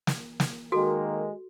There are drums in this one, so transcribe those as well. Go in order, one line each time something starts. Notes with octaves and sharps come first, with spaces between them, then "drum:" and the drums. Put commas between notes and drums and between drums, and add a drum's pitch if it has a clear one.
drum: snare
drum: snare
D#3 G#3 A#3 F#4 A4